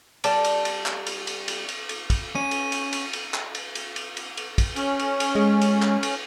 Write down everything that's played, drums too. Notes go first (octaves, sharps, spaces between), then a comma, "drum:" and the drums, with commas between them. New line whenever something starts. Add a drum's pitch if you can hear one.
G3 D5 A5, drum: cymbal
drum: cymbal
drum: cymbal
drum: clap
drum: cymbal
drum: cymbal
drum: cymbal
drum: cymbal
drum: cymbal
drum: kick, cymbal
C#4 D#7
drum: cymbal
drum: cymbal
drum: cymbal
drum: cymbal
drum: clap
drum: cymbal
drum: cymbal
drum: cymbal
drum: cymbal
drum: cymbal
drum: kick, cymbal
C#4, drum: cymbal
drum: cymbal
drum: cymbal
G#3
drum: cymbal
drum: clap
drum: cymbal